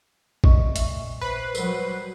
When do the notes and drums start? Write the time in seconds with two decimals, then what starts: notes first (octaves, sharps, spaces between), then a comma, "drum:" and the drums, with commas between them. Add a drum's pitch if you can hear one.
0.44 A3 D5 D#5 C#6, drum: kick A1
0.76 A#2 E5 C#6, drum: hi-hat
1.21 B4 C5
1.55 F#3 G3 A#4 F#5, drum: tambourine